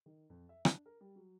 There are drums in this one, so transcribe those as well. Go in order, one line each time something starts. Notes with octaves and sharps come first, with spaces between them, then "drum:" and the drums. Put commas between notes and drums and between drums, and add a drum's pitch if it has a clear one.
D#3
F2
E5
D4, drum: rim click
A#4
G3
F#3